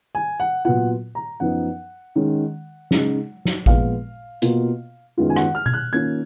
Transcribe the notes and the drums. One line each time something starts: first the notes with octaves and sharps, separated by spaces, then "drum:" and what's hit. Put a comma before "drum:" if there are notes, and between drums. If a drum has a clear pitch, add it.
G#5
F#5
A#2 F#3 B3 F4 F#5
A#5
F#2 F3 B3 D#4 F#5
D#3 G#3 C#4
C#3 G#3 D#4, drum: snare
drum: snare
A#2 F3 G#3 B3 F5, drum: kick A1
B2 A#3 F4, drum: hi-hat
F#2 D#3 G#3 B3 F4
G#5
F#5, drum: rim click
F6
G#6, drum: tom B2
F#6
D#3 A#3 C#4 F4 G#6